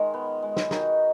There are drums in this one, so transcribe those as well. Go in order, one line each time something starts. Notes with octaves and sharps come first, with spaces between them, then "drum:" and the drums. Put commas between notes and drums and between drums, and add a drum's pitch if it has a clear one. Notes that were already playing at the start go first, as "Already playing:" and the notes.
Already playing: D#3 G#3 F4 G#4
B3
G#3
drum: snare
D#3 D#4 F#4, drum: snare